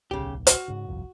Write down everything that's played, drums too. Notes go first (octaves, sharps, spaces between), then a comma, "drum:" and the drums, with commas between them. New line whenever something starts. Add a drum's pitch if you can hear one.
D1 B1 C#3 G4
F#4, drum: hi-hat
G#2 C#3
G1 C2 F2